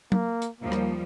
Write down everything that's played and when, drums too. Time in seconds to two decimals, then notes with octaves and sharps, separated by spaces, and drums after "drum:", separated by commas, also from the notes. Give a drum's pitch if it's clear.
0.12 A#3, drum: tom
0.42 drum: hi-hat
0.61 D#2 F3 G3 A#3
0.72 drum: rim click